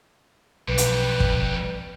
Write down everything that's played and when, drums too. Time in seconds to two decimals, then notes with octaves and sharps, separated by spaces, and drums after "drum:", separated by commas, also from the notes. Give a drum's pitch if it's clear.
0.68 B1 F2 G3 B4
0.78 drum: hi-hat
1.20 drum: kick